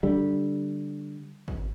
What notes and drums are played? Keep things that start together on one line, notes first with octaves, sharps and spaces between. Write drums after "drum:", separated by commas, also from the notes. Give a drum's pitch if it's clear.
D3 G3
drum: kick G#1